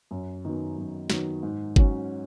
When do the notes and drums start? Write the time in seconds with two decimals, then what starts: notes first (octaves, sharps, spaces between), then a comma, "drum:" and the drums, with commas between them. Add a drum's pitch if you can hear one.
0.11 F#2
0.45 D#3 F#3 B3
0.78 F#2
1.10 D#3 F#3 B3, drum: snare
1.43 G#2
1.76 F#3 C#4, drum: kick G1